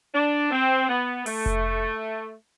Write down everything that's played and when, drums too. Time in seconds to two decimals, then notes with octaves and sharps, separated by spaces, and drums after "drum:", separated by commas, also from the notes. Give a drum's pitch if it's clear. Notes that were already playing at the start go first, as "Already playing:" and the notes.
0.14 D4
0.51 C4
0.89 B3
1.26 A3, drum: open hi-hat
1.46 drum: kick F1